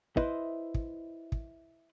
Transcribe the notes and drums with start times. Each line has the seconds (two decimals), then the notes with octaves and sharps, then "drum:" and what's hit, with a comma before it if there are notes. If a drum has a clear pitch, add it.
0.17 E4 B4 C5 D#5 E5, drum: kick
0.74 drum: kick
1.32 drum: kick